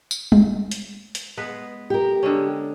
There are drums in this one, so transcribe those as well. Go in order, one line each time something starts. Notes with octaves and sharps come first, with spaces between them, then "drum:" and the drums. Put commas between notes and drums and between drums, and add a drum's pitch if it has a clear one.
drum: tambourine
drum: tom G3
drum: hi-hat
drum: hi-hat
G#3 B3 B4
G4 A#4
D3 G#3 C#4